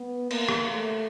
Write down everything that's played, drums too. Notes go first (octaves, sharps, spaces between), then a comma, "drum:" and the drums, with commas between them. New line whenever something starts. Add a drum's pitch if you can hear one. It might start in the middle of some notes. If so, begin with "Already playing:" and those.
Already playing: B3
A#3, drum: cymbal
drum: rim click
A3